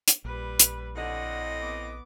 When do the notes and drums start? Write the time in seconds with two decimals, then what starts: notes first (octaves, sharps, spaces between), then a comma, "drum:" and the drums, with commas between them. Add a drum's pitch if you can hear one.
0.08 drum: hi-hat
0.25 A#1 G3 B4
0.59 drum: hi-hat
0.96 A2 D3 C4 D#5 F#5
1.61 B3 D6